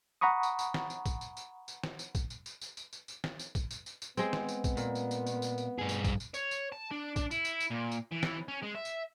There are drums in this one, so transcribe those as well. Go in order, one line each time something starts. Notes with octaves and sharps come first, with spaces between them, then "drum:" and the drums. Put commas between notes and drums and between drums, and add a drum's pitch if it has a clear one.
F#5 A#5 B5 C#6 D#6
drum: tambourine
drum: tambourine
drum: snare
drum: tambourine
drum: kick, tambourine
drum: tambourine
drum: tambourine
drum: tambourine
drum: snare
drum: tambourine
drum: kick, tambourine
drum: tambourine
drum: tambourine
drum: tambourine
drum: tambourine
drum: tambourine
drum: tambourine
drum: snare
drum: tambourine
drum: kick, tambourine
drum: tambourine
drum: tambourine
drum: tambourine
G#3 B3 C4, drum: tambourine
drum: snare
drum: tambourine
drum: kick, tambourine
A#2, drum: tambourine
drum: tambourine
drum: tambourine
drum: tambourine
drum: tambourine
drum: tambourine
G2 G#4
drum: tambourine
drum: kick, tambourine
drum: tambourine
C#5, drum: tambourine
drum: tambourine
A5
D4
D4, drum: kick, tambourine
E4, drum: tambourine
drum: tambourine
drum: tambourine
A#2
drum: tambourine
E3
drum: snare
C#4
G#3
E5
drum: tambourine